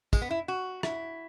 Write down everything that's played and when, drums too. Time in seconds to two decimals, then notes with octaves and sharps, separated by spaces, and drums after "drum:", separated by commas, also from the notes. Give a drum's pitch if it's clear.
0.13 G#3, drum: kick, tambourine
0.22 B3
0.30 E4
0.48 F#4
0.83 E4, drum: rim click